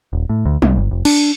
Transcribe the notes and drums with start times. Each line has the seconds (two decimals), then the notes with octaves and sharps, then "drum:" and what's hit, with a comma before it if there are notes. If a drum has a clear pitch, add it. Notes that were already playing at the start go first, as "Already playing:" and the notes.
0.13 D#1
0.29 A2
0.46 D2
0.62 C2, drum: tom
0.77 G1
0.91 F1
1.05 D4, drum: cymbal